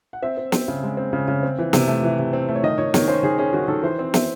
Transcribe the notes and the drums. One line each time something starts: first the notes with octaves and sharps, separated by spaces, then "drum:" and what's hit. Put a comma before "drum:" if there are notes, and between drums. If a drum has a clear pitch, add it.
F#5
C4 E5
C4
C4, drum: snare
C#3
G#3
C4
C#3
C#3
C4
E3
C3, drum: snare
A3
E3
C3
C4
A3
C#5
D#3 D#5
D#3 C#5
D#3 C#5, drum: snare
C#4 C5
D#3 G#4
C#4 G#4
D#3 F#4
D#3 A4
E3 C5
C4
C4 E5, drum: snare